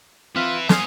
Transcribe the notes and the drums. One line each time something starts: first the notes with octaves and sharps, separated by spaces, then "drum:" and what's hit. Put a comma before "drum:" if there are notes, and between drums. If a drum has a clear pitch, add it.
C4 F4 B4 E5 F6 B6
B3 F5 G#5 C6 D#6 F6, drum: snare